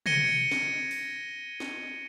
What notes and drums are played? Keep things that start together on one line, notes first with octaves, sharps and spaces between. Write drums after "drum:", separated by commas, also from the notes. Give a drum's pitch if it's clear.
G#6 A#6 C#7 D#7 G7, drum: tom
drum: snare
drum: open hi-hat
drum: snare